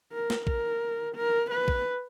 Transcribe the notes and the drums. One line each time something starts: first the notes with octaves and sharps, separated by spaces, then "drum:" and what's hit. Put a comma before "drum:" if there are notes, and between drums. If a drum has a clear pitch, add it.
A#4
drum: snare
A#4, drum: kick
A#4
B4
drum: kick